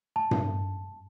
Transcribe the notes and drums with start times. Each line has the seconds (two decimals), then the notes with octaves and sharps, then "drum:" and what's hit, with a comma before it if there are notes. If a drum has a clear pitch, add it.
0.16 A5
0.31 drum: tom G2